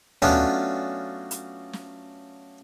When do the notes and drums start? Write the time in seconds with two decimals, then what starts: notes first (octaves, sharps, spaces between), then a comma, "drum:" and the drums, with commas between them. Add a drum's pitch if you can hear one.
0.22 F#3 A3 B3 C#4 D4 F4, drum: tom
1.31 drum: hi-hat
1.73 drum: snare